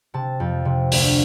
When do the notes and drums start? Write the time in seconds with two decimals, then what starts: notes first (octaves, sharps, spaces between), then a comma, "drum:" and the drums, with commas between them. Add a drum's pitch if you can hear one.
0.14 C3 A5
0.40 F2
0.65 C3
0.92 D2, drum: open hi-hat